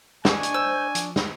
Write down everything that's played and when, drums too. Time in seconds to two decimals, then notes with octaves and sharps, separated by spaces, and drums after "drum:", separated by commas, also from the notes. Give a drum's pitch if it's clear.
0.25 D4 D#5 G#5 C#6, drum: snare
0.43 drum: hi-hat
0.54 C5 E6 G6
0.95 F3, drum: hi-hat
1.16 drum: snare